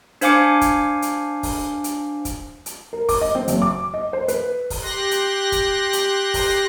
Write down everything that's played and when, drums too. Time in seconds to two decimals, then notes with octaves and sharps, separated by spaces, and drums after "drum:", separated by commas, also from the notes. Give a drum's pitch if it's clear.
0.21 D4 C5 F5 G#5 D6 C#7, drum: hi-hat
0.61 drum: kick, hi-hat
1.02 drum: hi-hat
1.43 drum: kick, open hi-hat
1.84 drum: hi-hat
2.25 drum: kick, hi-hat
2.66 drum: hi-hat
2.93 A#4
3.09 D6, drum: kick, open hi-hat
3.21 D#5
3.35 C4
3.48 F#1, drum: hi-hat
3.62 D6
3.94 D#5
4.13 C5
4.28 B4, drum: hi-hat
4.70 drum: kick, open hi-hat
4.82 G4 C6 F#6 A#6
5.11 drum: hi-hat
5.52 drum: kick, hi-hat
5.93 drum: hi-hat
6.34 drum: kick, open hi-hat